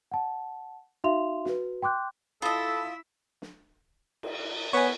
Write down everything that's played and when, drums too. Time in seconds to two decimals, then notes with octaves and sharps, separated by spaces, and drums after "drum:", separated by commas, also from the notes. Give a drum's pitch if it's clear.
0.12 F#5 A5
1.04 D#4 F#4 E5 F5 C6 F7
1.45 F#4 B4, drum: snare
1.82 G5 C6 D6 F#6 G6
2.42 E4 F4 A4 D#5 E5 A5 B5 D#6
3.42 drum: snare
4.23 drum: cymbal
4.73 B3 C#5 G#5